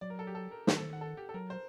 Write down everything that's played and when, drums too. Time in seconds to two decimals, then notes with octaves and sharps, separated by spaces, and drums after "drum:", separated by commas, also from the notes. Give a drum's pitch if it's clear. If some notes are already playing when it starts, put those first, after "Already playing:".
0.01 F#3 D5
0.10 A#4
0.19 A4
0.27 G4
0.35 A4
0.51 A#4
0.67 D#3 C5, drum: snare
0.77 A4
0.93 F#5
1.01 A4
1.17 G4
1.29 A4
1.34 F#3 A#4
1.50 C5